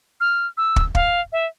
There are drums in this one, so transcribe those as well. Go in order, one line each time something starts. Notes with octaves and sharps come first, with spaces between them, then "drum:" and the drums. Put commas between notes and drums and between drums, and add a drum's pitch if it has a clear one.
F6
E6
drum: kick
F5, drum: kick
E5